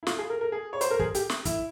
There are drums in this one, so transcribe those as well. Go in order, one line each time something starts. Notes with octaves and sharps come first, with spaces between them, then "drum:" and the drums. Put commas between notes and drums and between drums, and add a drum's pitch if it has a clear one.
E4
F4, drum: snare
G#4
A#4
A#4
G#4
C#5
C5, drum: hi-hat
A#4
G#4, drum: kick
G4, drum: hi-hat
drum: snare
E4, drum: kick, hi-hat